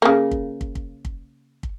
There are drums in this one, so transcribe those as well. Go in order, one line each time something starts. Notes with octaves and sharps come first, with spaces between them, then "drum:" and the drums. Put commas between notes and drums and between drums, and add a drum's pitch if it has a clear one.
C#3 A#3
drum: kick
drum: kick
drum: kick
drum: kick
drum: kick